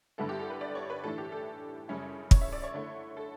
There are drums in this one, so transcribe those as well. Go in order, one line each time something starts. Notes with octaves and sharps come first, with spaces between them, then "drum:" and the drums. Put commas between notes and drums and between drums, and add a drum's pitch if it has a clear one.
G2 D3 G3 B3 E4 A4
G4
A4
B4
D5
C#5
B4
A2 E3 A3 D4 A4
G4
A4
F#2 C#3 G3 C#4 E4
C#5, drum: kick
E5
D5
C#5
D3 A3 E4
A4